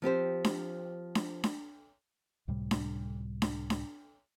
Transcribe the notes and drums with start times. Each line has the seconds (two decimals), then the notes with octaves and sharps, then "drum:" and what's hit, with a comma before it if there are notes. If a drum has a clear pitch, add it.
0.02 F3 C4 G4 C5
0.44 drum: snare D4
1.15 drum: snare D4
1.44 drum: snare D4
2.48 C#2 A2 C3 G3
2.71 drum: snare D4
3.42 drum: snare D4
3.70 drum: snare D4